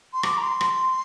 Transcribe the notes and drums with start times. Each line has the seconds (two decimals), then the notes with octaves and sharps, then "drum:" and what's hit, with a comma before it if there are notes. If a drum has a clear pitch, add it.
0.13 C6
0.23 D6, drum: rim click
0.37 A#5
0.42 C6
0.61 drum: rim click